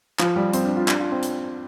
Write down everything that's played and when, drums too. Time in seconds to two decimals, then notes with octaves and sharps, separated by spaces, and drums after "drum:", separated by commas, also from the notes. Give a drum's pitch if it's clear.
0.19 F3, drum: clap
0.36 G3
0.53 C4, drum: hi-hat
0.65 D4
0.76 F4
0.88 D4, drum: clap
1.00 F4
1.11 C4
1.23 drum: hi-hat